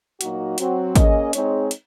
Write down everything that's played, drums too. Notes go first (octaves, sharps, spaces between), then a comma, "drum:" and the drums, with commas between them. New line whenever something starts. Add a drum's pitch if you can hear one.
A#2 F#3 A#3 D#4 F#4, drum: hi-hat
F#3 C4 F#4, drum: hi-hat
A#3 C#4 G#4 D#5, drum: kick, hi-hat
G#3 C4 D#4 G#4 C#5, drum: hi-hat
drum: hi-hat